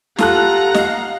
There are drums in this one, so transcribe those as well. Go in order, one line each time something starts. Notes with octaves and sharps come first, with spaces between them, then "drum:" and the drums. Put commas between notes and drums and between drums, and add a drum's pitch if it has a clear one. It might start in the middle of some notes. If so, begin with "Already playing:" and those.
F4 G4 A4 F#5 A#5 F#6, drum: snare
D#5 F5, drum: snare